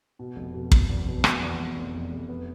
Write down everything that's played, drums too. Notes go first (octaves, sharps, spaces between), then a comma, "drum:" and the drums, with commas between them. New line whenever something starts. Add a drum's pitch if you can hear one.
B2
F1
B2
F1, drum: kick
E2
B2
B2, drum: rim click
E2
E2
F1
F1
F1
B3